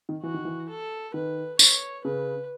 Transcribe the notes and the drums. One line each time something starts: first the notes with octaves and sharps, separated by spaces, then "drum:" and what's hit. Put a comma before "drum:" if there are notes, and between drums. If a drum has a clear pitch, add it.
D#3
E3 F#4
D#3
E3
A4
D#3 B4
C#5, drum: tambourine
C#3 B4